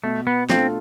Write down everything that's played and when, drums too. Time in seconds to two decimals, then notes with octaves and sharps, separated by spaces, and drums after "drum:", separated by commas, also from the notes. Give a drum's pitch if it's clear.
0.04 B2 A3
0.27 B3
0.50 A3 C4 D4 F4 A4, drum: snare